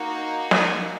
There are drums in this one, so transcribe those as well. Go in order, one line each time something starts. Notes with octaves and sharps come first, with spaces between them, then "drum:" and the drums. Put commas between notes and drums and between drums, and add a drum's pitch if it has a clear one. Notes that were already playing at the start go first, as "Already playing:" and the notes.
Already playing: A#3 D#4 F#4
G#5, drum: snare